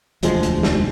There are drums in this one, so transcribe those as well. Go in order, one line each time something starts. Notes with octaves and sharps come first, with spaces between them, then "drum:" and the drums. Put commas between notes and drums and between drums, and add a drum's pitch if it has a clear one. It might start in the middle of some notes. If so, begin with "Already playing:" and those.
E1 D2 F3 G#3, drum: hi-hat
drum: hi-hat
drum: snare